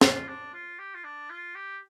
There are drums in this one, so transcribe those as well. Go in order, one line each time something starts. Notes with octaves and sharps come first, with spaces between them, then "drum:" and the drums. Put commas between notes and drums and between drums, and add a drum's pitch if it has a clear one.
F4, drum: snare
D4
F4
G4
F4
D4
F4
G4